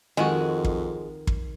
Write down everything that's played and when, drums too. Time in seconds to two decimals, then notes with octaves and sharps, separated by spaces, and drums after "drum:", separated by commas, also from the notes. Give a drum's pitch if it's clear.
0.17 F2 D#3 G#3 F#4
0.64 drum: kick
1.27 drum: kick